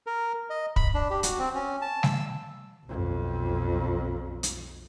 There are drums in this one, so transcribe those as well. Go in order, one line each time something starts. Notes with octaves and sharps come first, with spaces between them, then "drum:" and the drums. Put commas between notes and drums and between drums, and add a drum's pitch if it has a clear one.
A#4
D#5
B5, drum: kick
D4
G4
F#4, drum: hi-hat
C4
C#4
A5
E6, drum: snare
B1 F2
drum: hi-hat